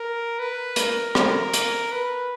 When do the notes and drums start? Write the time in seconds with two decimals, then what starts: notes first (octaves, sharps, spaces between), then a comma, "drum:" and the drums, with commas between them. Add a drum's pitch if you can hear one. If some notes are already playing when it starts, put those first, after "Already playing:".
Already playing: A#4
0.39 B4
0.76 A#4, drum: hi-hat
1.15 drum: rim click
1.54 drum: hi-hat
1.92 B4